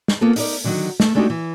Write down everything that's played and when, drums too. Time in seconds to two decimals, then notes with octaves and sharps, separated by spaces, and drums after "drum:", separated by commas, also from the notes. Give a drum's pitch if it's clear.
0.08 drum: snare
0.21 A#3 B3 F4 A4
0.36 D#4 A#4 D5, drum: open hi-hat
0.64 D3 D#3 F#3 D#4 F#5
1.00 A3, drum: snare
1.15 G#3 A3 D4 D#4 F#4 G4
1.30 E3